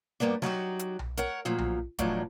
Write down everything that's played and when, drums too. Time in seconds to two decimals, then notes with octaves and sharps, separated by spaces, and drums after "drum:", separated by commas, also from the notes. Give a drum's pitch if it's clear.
0.20 G2 G3 A#3 B3 D4
0.42 F#3 D#4 F#4 G4, drum: snare
0.79 drum: hi-hat
0.99 drum: tom B1
1.17 A#4 C#5 F#5, drum: hi-hat
1.45 D2 A#2 F3 F#3
1.58 drum: tom B1
1.99 E2 A2 F3 F#3 D4 D#4, drum: kick D#1, hi-hat